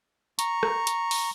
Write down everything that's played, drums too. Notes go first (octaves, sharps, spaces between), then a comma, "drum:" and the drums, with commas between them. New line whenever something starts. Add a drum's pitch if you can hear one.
A#5 C#6, drum: hi-hat
drum: rim click
drum: hi-hat
drum: open hi-hat